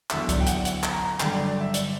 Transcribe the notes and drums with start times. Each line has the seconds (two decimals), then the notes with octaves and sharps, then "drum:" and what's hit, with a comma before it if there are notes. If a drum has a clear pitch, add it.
0.10 E2 D3 F#3 E5, drum: clap
0.29 D5, drum: kick C2, hi-hat
0.40 G5
0.46 F#5, drum: hi-hat
0.65 F#5, drum: hi-hat
0.83 drum: clap
0.93 A#5
1.20 G2 D3 F#3 G5, drum: clap
1.34 D5
1.47 D5
1.60 E5
1.74 D5, drum: hi-hat